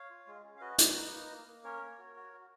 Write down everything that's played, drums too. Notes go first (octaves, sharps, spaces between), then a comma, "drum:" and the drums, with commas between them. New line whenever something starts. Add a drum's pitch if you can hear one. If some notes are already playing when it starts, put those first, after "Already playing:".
Already playing: C#5 F5
F4
G#3
C#4
F5
F#4 B4 D#5
D#4, drum: hi-hat
D#4
A#3
A#3
A#3
C#4 A#4 C#5
A#3
F#4
F#4
F#4